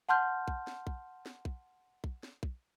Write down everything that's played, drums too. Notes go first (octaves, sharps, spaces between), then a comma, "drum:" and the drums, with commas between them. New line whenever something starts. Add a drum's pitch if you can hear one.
F#5 A5 C6 F6 G6
drum: kick
drum: snare
drum: kick
drum: snare
drum: kick
drum: kick
drum: snare
drum: kick